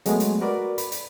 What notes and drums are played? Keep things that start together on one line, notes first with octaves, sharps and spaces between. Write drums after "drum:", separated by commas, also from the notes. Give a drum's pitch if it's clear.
F#3 G#3 A3 B3, drum: hi-hat
drum: hi-hat
F#4 A#4 B4 D5
B5, drum: hi-hat
drum: hi-hat